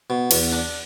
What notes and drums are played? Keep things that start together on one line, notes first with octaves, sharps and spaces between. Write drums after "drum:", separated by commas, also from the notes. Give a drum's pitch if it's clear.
B2
E2, drum: cymbal
D4